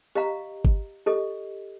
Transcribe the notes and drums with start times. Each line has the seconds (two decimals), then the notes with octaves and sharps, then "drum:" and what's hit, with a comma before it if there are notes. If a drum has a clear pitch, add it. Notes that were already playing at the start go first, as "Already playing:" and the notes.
0.15 G4 D#5 F5 A#5, drum: hi-hat
0.65 drum: kick
1.06 G4 A4 D#5